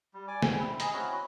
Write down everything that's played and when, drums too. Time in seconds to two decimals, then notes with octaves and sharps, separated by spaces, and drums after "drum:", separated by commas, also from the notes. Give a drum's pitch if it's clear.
0.14 G3
0.28 D5 G#5 D6
0.42 G5 G#5, drum: snare
0.59 C4 E4
0.80 G#4 D#5 A#5, drum: hi-hat
0.93 C4 C#4 E4 F#4